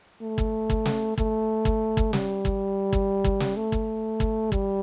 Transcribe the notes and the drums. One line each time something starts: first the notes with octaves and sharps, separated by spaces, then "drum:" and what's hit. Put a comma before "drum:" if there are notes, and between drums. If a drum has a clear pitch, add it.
A3
drum: kick
drum: kick
drum: snare
A3, drum: kick
drum: kick
drum: kick
G3, drum: snare
drum: kick
drum: kick
drum: kick
drum: snare
A3
drum: kick
drum: kick
G3, drum: kick